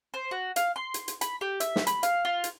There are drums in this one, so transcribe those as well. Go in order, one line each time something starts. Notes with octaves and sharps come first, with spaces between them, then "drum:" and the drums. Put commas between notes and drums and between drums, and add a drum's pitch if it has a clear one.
C5
F#4
F5, drum: hi-hat
C6
drum: hi-hat
drum: hi-hat
B5, drum: hi-hat
G4
E5, drum: hi-hat
drum: snare
B5, drum: hi-hat
F5, drum: hi-hat
F4
drum: hi-hat